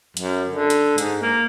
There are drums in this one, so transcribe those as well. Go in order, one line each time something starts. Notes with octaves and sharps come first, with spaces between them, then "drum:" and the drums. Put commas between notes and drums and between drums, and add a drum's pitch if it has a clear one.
F#2, drum: hi-hat
D3
drum: hi-hat
G#2, drum: hi-hat
A#3